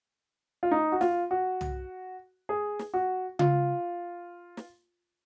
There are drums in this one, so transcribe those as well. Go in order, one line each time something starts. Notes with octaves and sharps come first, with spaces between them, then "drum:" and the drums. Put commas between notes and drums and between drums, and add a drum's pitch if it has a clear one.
F4
D#4
F#4
F4, drum: snare
F#4
drum: tom
G#4
drum: snare
F#4
F4, drum: tom C#3
drum: snare